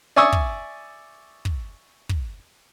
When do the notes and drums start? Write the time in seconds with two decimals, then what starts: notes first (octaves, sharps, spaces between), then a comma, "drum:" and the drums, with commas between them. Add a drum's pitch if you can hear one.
0.16 D5 E5 G#5 C#6 D#6 E6
0.32 drum: kick
1.45 drum: kick
2.09 drum: kick